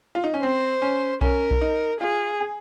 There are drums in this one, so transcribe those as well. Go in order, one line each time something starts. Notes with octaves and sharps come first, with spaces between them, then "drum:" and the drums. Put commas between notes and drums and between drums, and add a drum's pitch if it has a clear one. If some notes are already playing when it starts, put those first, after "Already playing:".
F4
D#4
C#4
C4 C5
C#4
C#4 A#4, drum: kick B1
drum: kick B1
D#4
F4 G#4
G#4